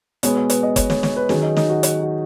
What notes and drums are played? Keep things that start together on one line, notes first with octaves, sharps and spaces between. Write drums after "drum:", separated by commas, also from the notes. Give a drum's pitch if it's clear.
B2 G#3 B3 C#5, drum: hi-hat
C#5
B4, drum: hi-hat
D#5
C#5, drum: kick F#1, hi-hat
C#5, drum: snare
C#5, drum: snare
B4
D#3 F#3 C#4 G#4, drum: snare
D#4
D#4, drum: snare
F#4
D#4, drum: hi-hat
F#4